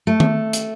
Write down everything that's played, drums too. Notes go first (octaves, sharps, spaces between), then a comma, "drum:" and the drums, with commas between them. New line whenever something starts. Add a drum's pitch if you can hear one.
A3
drum: tom D#3
drum: hi-hat